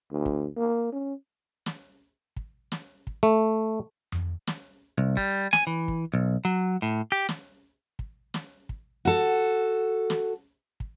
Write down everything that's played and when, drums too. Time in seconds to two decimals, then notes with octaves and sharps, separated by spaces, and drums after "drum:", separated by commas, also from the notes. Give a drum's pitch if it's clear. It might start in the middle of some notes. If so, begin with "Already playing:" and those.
0.12 D2
0.26 drum: kick
0.56 A#3
0.92 C#4
1.66 drum: snare
2.36 drum: kick
2.72 drum: snare
3.07 drum: kick
3.23 A3
4.12 drum: tom F2
4.47 drum: snare
4.98 C2
5.17 G3, drum: kick
5.53 G#5, drum: snare
5.67 E3
5.88 drum: kick
6.14 B1
6.45 F#3
6.82 A2
7.12 G4
7.29 drum: snare
7.99 drum: kick
8.34 drum: snare
8.69 drum: kick
9.05 F#4 A4
10.10 drum: snare
10.80 drum: kick